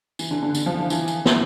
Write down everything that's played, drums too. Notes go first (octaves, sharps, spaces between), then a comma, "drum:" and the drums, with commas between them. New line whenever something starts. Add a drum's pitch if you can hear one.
E3, drum: tambourine
D3
D3
D3, drum: tambourine
F3
E3
E3, drum: tambourine
drum: tambourine
drum: snare